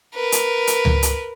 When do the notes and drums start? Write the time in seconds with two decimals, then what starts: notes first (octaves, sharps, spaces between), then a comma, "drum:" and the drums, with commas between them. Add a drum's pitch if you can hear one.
0.15 A#4 B4
0.32 drum: hi-hat
0.67 drum: hi-hat
0.85 drum: tom C#2
1.02 drum: hi-hat